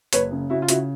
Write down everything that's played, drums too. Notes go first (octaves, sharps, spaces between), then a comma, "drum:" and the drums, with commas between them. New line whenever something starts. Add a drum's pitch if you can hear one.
F#1 B4 C#5, drum: hi-hat
C#3
C#3 E4 F#4
F4
C#3 E4 F#4, drum: hi-hat